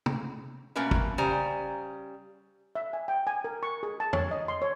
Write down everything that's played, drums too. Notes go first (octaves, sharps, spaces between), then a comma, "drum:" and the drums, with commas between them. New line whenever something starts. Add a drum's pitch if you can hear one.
drum: tom
B2 A3 A#3 C#4 A#4 B4
drum: kick
C#3 G3 C5 G#5 A#5
E5
G#5
G5
G#5
A#4
C#6
G#4
A5
C#5, drum: tom
D#5
C6
C#5